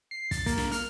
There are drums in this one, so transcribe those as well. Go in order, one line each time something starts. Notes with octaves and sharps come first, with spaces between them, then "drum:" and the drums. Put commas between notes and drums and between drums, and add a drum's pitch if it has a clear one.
C7
A6, drum: kick, hi-hat
A#3, drum: kick, hi-hat
drum: snare
F6, drum: hi-hat